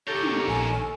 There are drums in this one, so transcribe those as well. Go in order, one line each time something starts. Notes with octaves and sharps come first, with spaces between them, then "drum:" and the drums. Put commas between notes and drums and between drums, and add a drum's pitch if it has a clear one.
D#3 G4 A4 C#5 G6 A6 A#6
drum: tom
A#1 G#5